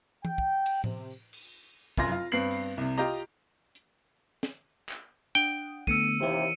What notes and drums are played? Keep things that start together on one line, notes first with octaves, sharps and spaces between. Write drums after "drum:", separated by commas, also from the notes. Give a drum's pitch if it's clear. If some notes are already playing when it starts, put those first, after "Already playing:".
G5, drum: tom E3
drum: kick
drum: cymbal
C3, drum: tom A2
drum: tambourine
drum: cymbal
F1 F#2 F4 C6 A#6, drum: kick
F4
G2 B3 C4 C7 F#7
drum: open hi-hat
C2 C3
F4 G4 D#5 A#5, drum: hi-hat
drum: hi-hat
drum: snare
drum: clap
D4 F#5 G5 D#6
D3 A3 B3 E6 C#7 D#7, drum: kick
D#2 C3 E3 E4 C#5